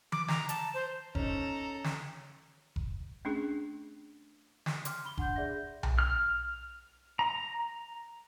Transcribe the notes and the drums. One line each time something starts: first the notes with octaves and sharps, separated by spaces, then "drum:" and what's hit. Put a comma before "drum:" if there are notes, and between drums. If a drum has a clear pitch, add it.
D6, drum: tom E3
A#5, drum: snare
A5, drum: hi-hat
C5
C#4 D#4 A4 A#5, drum: kick F1
drum: snare
drum: kick F1
A3 C#4 D4 G#4
drum: snare
C6 D6 F6, drum: hi-hat
B5 G7
D4 F#5 C6 G6, drum: kick F1
G#4 D5 E5 G6 A#6
drum: tom B1
F6
A#5